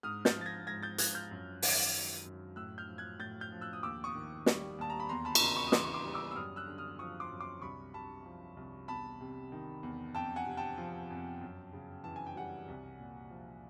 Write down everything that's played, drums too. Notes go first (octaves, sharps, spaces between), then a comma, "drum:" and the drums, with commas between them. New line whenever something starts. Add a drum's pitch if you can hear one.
G#2 D#6 F6
G6 A6, drum: snare
F3
A6
G#6 A#6
G#2 G#6 A#6
G6 A6
F3 F#6 G#6, drum: hi-hat
F6 G6
F#2
D#3, drum: open hi-hat
F#3
F#2
A2 E6 F#6
F6 G6
F3
F#6 G#6
A2 G6 A6
F6 G6
F3
E6 F#6
D#6
D#2 D6 E6
C#6 D#6
D#3
G3, drum: snare
D#2 A5
A#5
B5
E2 A#5 C6
A5 B5
C#6, drum: cymbal
C#3 A#5 C6
B5 C#6
D#6
E3 C6 D6, drum: snare
C#6
C6 D6
G3
D6 E6
E6
F#2 D#6 F6
E6 F#6
D3
D#6 F6
F3 C#6 D#6
C6 D6
F#2
C6 D6
C2 B5 C#6
C3 A5 B5
F3
C2
E2 A5 B5
C3
D#3
E2
F2 G5 A5
F#5 G#5
C3
G5 A5
F3
F2
F#2
C#3
E3 A5
G#5
G5
G3 F#5 G#5
C2
A#2
F3